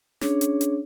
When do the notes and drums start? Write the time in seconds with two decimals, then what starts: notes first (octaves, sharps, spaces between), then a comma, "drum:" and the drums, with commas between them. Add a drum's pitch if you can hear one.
0.21 C#4 D4 G#4 C#5, drum: snare
0.41 drum: hi-hat
0.61 drum: hi-hat